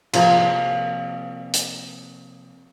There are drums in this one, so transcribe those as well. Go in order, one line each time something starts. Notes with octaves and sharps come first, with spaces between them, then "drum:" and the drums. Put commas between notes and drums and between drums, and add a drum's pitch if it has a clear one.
C3 F3 A#3 G#4, drum: cymbal
drum: hi-hat